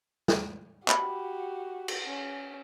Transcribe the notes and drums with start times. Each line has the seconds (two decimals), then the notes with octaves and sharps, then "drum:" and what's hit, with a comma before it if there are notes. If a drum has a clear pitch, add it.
0.28 drum: snare
0.88 F#4 G4 B5, drum: clap
1.88 drum: cymbal
2.06 C#4